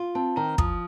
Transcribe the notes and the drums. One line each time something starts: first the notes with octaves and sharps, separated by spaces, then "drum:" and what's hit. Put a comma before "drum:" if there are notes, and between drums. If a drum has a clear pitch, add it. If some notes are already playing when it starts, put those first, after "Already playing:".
Already playing: F4
C4 A5
D#3 A#5
F3 D#6, drum: kick